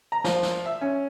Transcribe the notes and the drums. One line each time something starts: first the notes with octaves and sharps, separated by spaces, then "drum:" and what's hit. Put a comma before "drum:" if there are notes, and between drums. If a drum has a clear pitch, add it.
A#5
F3, drum: snare
drum: snare
E5
C#4